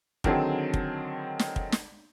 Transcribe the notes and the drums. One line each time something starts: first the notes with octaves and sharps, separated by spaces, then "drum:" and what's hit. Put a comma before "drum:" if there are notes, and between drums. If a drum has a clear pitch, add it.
D3 D#3 F#3 C4 G#4 A4, drum: kick
drum: kick
drum: snare
drum: kick
drum: snare